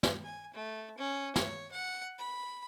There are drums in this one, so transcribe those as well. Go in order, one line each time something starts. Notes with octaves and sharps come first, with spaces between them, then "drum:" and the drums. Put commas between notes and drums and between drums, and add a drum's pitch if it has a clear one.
drum: snare
G#5
A3
C#4
C#5, drum: snare
F#5
B5